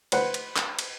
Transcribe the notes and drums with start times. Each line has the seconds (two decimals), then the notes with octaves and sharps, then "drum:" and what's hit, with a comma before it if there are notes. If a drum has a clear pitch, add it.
0.12 B4 C5 F#5 B5, drum: cymbal
0.34 drum: cymbal
0.56 drum: clap
0.79 drum: cymbal